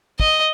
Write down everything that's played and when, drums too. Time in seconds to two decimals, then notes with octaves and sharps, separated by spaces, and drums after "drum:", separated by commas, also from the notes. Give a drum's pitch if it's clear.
0.20 D#5, drum: kick